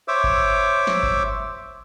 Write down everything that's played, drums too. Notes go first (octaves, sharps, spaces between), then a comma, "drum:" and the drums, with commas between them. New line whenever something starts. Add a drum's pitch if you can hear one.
C5 C#5 E5 D6 E6
drum: kick G1
drum: snare
drum: kick G1